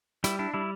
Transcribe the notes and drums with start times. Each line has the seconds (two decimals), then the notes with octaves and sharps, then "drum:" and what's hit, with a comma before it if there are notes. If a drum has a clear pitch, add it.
0.24 G3 E4, drum: hi-hat
0.39 D4 E4
0.54 G3 E4